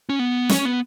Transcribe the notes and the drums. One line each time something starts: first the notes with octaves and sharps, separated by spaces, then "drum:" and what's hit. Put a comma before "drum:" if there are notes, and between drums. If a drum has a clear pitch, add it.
C#4
B3
C#4, drum: snare
B3